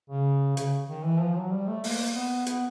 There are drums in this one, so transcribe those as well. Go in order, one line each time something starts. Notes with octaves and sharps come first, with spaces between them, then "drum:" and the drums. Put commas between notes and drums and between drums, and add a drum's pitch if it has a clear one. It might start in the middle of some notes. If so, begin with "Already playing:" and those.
C#3
C#3, drum: hi-hat
D#3
E3
F3
F#3
G3
A3
A#3, drum: open hi-hat
B3
B3, drum: hi-hat